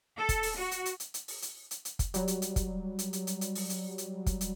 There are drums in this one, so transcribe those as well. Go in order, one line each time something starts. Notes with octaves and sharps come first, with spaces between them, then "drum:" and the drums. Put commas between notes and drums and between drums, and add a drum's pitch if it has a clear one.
A4
drum: kick, hi-hat
drum: open hi-hat
F#4
drum: hi-hat
drum: hi-hat
drum: hi-hat
drum: hi-hat
drum: open hi-hat
drum: hi-hat
drum: hi-hat
drum: hi-hat
drum: kick, hi-hat
F#3 G3, drum: hi-hat
drum: hi-hat
drum: hi-hat
drum: kick, hi-hat
drum: hi-hat
drum: hi-hat
drum: hi-hat
drum: hi-hat
drum: open hi-hat
drum: hi-hat
drum: hi-hat
drum: kick, hi-hat
drum: hi-hat